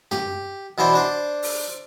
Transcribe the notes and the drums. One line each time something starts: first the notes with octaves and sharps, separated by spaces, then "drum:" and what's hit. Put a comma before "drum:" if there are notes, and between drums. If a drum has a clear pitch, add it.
G4, drum: tom
B2 E3 E4 C5 D5
D4 C5 D5
drum: open hi-hat